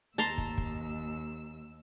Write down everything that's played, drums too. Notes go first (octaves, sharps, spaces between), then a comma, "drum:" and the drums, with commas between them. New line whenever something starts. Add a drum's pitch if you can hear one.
D#2 A5 A#5 C6 E6
drum: kick
drum: kick